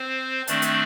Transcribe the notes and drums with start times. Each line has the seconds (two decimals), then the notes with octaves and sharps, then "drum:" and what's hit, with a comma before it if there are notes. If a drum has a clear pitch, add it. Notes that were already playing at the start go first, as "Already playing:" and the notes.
Already playing: C4 C5
0.47 D#3 A3 C4 D4 D5, drum: hi-hat
0.62 drum: hi-hat